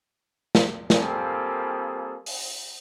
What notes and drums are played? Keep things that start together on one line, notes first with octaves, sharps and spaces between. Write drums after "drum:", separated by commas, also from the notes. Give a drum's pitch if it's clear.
drum: snare
G3 A#3 C4 F4 G#4 A4, drum: snare
drum: open hi-hat